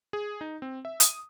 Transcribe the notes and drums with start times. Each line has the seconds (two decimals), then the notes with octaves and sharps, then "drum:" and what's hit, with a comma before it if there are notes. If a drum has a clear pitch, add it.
0.13 G#4
0.41 D#4
0.62 C4
0.85 E5
1.00 D#6, drum: hi-hat